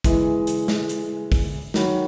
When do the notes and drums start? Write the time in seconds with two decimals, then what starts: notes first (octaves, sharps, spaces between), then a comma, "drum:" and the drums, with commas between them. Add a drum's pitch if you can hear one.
0.04 E3 G#3 E4 G#4 B4, drum: kick, hi-hat
0.47 drum: hi-hat
0.68 drum: snare
0.89 drum: hi-hat
1.32 drum: kick, open hi-hat
1.74 D#3 F#3 C#5 F#5 B5, drum: snare